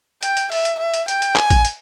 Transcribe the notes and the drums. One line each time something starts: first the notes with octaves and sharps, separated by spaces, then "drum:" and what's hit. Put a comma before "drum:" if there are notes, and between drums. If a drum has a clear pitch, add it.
G5, drum: hi-hat
drum: hi-hat
E5, drum: open hi-hat
drum: hi-hat
E5
drum: hi-hat
G5, drum: hi-hat
drum: hi-hat
G#5, drum: clap
drum: kick, hi-hat
drum: hi-hat